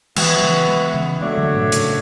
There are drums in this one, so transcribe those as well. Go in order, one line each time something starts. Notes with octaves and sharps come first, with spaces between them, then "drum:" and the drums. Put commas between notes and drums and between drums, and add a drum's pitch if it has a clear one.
E3 G#3 B3 F#4 B4 E5, drum: cymbal
F#3
C#3 E3
E3 G#3
C#3 E3
G#3 A3 B3 D4 F#4 C#5 E5
D3 F#3
G#2 B2
A2 C#3, drum: hi-hat